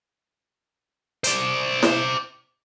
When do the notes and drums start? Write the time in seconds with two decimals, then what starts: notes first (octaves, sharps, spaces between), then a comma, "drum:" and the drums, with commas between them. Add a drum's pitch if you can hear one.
1.24 C5 D5, drum: hi-hat
1.83 drum: snare E4